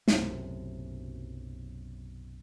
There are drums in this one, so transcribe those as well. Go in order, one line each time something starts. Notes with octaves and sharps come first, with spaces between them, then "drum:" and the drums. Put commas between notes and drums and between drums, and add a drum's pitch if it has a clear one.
B1 F#2 A2 C3, drum: snare